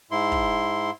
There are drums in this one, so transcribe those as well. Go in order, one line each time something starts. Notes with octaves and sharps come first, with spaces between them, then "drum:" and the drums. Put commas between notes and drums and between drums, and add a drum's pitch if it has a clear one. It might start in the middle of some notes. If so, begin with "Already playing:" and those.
G#2 E4 C6
drum: kick